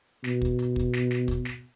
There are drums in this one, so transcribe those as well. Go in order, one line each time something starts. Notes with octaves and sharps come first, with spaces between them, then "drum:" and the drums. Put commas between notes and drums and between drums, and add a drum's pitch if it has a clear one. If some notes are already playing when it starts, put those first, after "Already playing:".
B2, drum: snare
drum: kick
drum: hi-hat
drum: kick
drum: snare
drum: snare
drum: kick, hi-hat
drum: snare